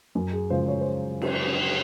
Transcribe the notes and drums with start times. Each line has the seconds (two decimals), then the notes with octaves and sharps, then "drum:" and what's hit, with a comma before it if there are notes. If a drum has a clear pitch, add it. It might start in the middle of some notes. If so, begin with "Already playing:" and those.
0.15 F#2
0.33 G#4
0.50 C#3 F3 G#3 C5
0.68 C#5
0.81 C5
1.22 drum: cymbal